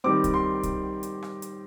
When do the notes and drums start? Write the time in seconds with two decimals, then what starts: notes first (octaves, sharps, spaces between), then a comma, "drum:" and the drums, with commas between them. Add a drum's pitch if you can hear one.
0.04 D#3 G3 C4 D6
0.24 drum: kick, hi-hat
0.34 C6
0.63 drum: kick, hi-hat
1.03 drum: hi-hat
1.22 drum: rim click
1.42 drum: hi-hat